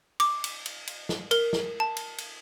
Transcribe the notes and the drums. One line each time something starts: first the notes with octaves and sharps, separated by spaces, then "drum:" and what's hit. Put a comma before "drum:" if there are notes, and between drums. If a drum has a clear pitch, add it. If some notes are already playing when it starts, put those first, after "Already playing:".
D6, drum: cymbal
drum: cymbal
drum: cymbal
drum: cymbal
drum: snare
A#4, drum: cymbal
drum: snare
A5
drum: cymbal
drum: cymbal